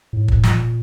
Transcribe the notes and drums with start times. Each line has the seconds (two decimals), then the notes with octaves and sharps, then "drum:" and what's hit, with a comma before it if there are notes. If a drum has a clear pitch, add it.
0.13 A2
0.28 drum: kick
0.43 A#2, drum: snare